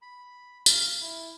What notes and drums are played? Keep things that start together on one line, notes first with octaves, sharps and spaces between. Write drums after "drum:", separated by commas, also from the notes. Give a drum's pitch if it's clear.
B5
F5, drum: tambourine
E4